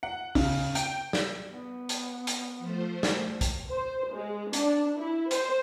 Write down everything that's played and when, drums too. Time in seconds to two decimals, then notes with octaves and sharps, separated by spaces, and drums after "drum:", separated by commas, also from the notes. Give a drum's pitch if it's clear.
0.03 F#5
0.35 C#3, drum: kick, open hi-hat
0.75 G5, drum: hi-hat
1.13 drum: snare
1.48 B3
1.89 drum: hi-hat
2.27 drum: hi-hat
2.58 F3 A3 C5
3.03 drum: snare
3.41 drum: kick, hi-hat
3.69 C5
4.12 G#3
4.53 D4, drum: hi-hat
4.96 E4
5.31 C5, drum: hi-hat